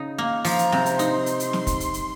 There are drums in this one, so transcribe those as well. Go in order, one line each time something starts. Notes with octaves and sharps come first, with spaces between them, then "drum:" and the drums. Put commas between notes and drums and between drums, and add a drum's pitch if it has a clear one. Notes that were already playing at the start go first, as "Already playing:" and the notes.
Already playing: C#3 D#4
A#3
F3 A#5, drum: open hi-hat
drum: hi-hat
C3, drum: snare
drum: hi-hat
D#4 C6, drum: hi-hat
drum: hi-hat
drum: hi-hat
drum: snare
drum: kick, hi-hat
drum: hi-hat
drum: hi-hat